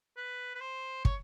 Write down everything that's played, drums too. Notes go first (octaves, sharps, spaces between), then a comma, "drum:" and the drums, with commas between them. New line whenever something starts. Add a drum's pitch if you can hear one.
B4
B4
C5
C#5, drum: kick